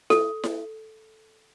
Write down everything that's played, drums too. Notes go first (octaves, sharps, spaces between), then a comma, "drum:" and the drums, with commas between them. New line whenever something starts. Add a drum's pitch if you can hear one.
A4, drum: snare E4
drum: snare E4